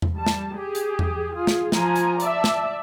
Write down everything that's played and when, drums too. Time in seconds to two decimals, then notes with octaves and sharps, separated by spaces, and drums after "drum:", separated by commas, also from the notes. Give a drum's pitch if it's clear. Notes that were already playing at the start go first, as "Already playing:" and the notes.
0.02 drum: tom E2
0.15 G3 A5
0.26 drum: snare
0.55 G4 G#4
0.75 drum: hi-hat
0.99 drum: tom E2
1.34 F4 G#4
1.47 drum: snare
1.72 F3 F4 G#5 A#5, drum: snare
1.96 drum: hi-hat
2.20 D5 E5 A5, drum: hi-hat
2.44 drum: snare